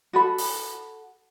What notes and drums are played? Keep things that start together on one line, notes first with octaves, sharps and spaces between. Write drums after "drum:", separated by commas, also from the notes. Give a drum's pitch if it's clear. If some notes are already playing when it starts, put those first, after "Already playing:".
F#4 A4 B5
drum: open hi-hat